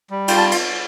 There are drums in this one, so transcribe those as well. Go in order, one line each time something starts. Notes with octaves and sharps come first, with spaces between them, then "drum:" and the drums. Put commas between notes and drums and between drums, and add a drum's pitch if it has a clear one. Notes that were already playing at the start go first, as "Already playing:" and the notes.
G3
F4 G5, drum: cymbal
A5
drum: cymbal